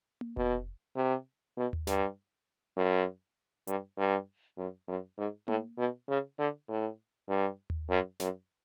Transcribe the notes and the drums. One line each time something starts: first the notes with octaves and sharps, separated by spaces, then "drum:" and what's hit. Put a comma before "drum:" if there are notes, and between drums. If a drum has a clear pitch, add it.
drum: tom A#3
B2, drum: kick F1
C3
B2
drum: tom D#2
G2, drum: snare
F#2
G2, drum: hi-hat
G2
F#2
F#2
G#2
A2, drum: tom A#3
B2
C#3
D3
A2
G2
drum: tom D#2
F#2
F#2, drum: snare